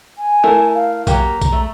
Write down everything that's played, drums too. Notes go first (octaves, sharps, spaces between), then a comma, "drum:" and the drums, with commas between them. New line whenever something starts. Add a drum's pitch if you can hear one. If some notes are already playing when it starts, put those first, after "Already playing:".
G#5
A3 E4 A#4
F5
F#3 A#3 G4 A#5, drum: kick B1, tambourine
drum: kick B1, tambourine
A3